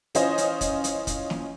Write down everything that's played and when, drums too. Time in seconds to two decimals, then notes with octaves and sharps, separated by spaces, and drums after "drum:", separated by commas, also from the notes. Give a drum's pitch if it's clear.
0.15 E3 C#4 F4 C5 D#5 G#5, drum: hi-hat
0.38 drum: hi-hat
0.61 drum: kick, hi-hat
0.84 drum: hi-hat
1.07 drum: kick, hi-hat
1.30 drum: snare